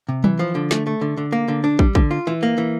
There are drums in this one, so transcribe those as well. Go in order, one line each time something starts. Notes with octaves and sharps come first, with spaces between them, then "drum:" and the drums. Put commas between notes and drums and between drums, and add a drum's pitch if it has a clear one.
C3
E3, drum: tom F#3
F3
D3
A3, drum: snare
A3
D3
D3
A#3
D3
D4
G3, drum: kick
D3, drum: kick
F4
E3
A#3
E3